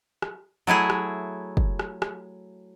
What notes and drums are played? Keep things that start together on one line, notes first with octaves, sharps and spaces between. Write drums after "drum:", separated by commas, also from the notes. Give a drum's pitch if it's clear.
drum: rim click
F#3 A3 E4 G#4
drum: rim click
drum: kick
drum: rim click
drum: rim click